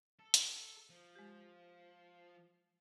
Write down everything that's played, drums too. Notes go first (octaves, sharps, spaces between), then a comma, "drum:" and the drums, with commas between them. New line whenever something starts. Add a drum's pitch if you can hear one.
A4
drum: hi-hat
F3
G#3 G4